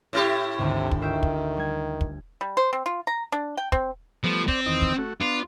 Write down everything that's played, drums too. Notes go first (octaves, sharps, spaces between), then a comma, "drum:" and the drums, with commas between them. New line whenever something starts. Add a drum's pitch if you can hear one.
A2 E4 G4 G5
G#1 D2 C3
drum: kick
D#3 F4 E5 G5
drum: kick
G3 G#6
drum: kick
G3
C5
C4
F4
A#5
D4
G5
C4, drum: kick
F3 G3 A3 B3
C4 C5 D5, drum: kick
E2 D#3 D#5
drum: kick
A3 F#4
B3 D4 F4